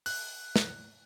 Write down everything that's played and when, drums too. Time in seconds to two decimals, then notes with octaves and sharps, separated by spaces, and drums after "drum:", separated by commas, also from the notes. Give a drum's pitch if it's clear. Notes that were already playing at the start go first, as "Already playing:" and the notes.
0.06 F#6, drum: open hi-hat
0.56 drum: snare